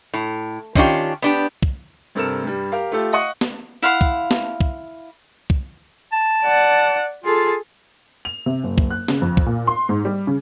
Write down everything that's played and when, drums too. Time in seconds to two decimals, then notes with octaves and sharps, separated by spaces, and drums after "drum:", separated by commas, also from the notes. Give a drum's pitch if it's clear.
0.14 A2
0.75 D#3 C#4 D4 F4 G4, drum: kick
1.22 B3 D4 G4
1.63 drum: kick
2.15 G2 C3 A4 A#4 F6 E7
2.43 G2 G3
2.72 G4 A#4 F5
2.92 A3 F4 G4 A4
3.13 D#5 F5 F#5 C#6 D#6
3.41 drum: snare
3.82 E4 F5 F#5 C6
4.01 drum: kick
4.31 drum: snare
4.60 drum: kick
5.50 drum: kick
6.12 A5
6.44 D5 F#5
7.24 F4 G#4 A4
8.25 F7
8.46 C3
8.63 F#1
8.78 drum: kick
8.91 F#6
9.08 C#3, drum: snare
9.22 F2
9.37 drum: kick
9.46 A#2
9.67 C6
9.89 G#2
10.05 G3
10.27 C#3